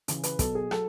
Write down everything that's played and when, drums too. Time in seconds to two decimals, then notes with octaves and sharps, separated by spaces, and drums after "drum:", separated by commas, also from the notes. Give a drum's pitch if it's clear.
0.08 C#3 E3, drum: hi-hat
0.23 B4, drum: hi-hat
0.39 B2 F#3 A4, drum: kick, hi-hat
0.55 G#4
0.71 F#3 A4, drum: rim click